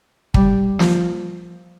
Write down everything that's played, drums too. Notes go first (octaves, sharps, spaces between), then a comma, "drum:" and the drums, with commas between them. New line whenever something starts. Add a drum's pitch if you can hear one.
G3, drum: kick
F3, drum: snare